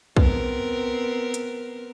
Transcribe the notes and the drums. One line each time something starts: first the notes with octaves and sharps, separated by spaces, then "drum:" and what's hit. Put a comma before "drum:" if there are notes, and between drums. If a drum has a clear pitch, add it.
B3 C4 A#4, drum: kick
drum: hi-hat